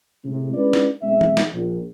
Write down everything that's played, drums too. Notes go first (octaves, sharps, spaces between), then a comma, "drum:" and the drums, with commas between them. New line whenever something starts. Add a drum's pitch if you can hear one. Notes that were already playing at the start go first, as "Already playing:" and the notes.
A2 C3 G#3
G#3 C#4 D4 E4 B4 D5
drum: snare
B1 G#3 C4 E5
drum: tom E3
drum: snare
A#1